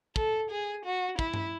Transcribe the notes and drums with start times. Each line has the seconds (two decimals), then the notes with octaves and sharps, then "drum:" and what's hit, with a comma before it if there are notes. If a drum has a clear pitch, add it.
0.16 A4, drum: kick
0.50 G#4
0.85 F#4
1.19 E4, drum: kick
1.34 drum: tom G2